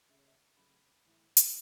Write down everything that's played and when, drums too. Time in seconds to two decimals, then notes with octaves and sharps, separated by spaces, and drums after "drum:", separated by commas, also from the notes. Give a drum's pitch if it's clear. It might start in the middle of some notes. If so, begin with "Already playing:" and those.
0.09 C#3 A3 C#4 E5
0.18 C#5
0.27 E5
0.57 C#3 F#3 A3 B5
1.04 A2 E3 A3 E4
1.37 drum: hi-hat